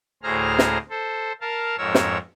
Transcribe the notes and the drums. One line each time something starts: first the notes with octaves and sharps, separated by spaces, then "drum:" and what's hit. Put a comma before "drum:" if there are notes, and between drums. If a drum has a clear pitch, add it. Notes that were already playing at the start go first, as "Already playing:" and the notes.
D2 A2 G#4 C5 A#5 F6
drum: snare
A4 C5
A#4 F5 A5
F2 G#2 A#4 C#5 E6
drum: snare